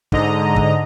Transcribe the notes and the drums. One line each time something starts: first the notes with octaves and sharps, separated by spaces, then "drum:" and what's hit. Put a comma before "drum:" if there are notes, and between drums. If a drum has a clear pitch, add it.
G#2 D3 D#5 A#5, drum: kick
drum: kick